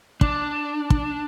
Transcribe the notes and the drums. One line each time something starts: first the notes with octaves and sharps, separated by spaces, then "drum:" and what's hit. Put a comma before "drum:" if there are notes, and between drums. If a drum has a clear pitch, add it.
D4, drum: kick
drum: kick